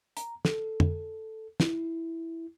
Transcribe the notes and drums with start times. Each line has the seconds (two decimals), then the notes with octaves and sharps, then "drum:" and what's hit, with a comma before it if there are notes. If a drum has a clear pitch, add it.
0.17 A#5, drum: hi-hat
0.45 A4, drum: snare
0.80 drum: tom
1.60 E4, drum: snare